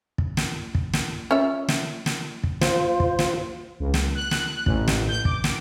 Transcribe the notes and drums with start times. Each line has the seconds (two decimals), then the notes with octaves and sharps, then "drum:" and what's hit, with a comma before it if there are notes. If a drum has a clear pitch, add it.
0.18 drum: kick
0.37 drum: snare
0.75 drum: kick
0.93 drum: snare
1.31 C#4 F4 E5
1.68 drum: snare
2.06 drum: snare
2.44 drum: kick
2.61 F4 C5, drum: snare
3.00 drum: kick
3.19 drum: snare
3.80 C#2
3.94 drum: snare
4.15 F#6
4.31 drum: snare
4.66 A1, drum: kick
4.87 drum: snare
5.08 G6
5.25 D6, drum: kick
5.44 drum: snare